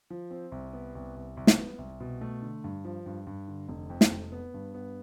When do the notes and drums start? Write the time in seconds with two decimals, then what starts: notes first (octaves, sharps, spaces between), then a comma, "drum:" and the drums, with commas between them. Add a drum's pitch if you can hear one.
0.10 F3
0.31 C4
0.52 C2
0.73 B3
0.95 C2
1.16 C2
1.37 C2
1.47 drum: snare
1.58 B3
1.78 C2
2.00 B2
2.21 A3
2.42 D3
2.64 G2
2.84 F3
3.06 G2
3.27 G2
3.48 D3
3.69 F1
3.90 F2
4.01 drum: snare
4.11 F1
4.32 B3
4.54 G2
4.74 B3